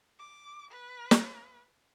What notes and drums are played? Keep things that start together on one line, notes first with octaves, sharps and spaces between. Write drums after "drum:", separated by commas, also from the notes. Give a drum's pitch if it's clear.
D6
B4
drum: snare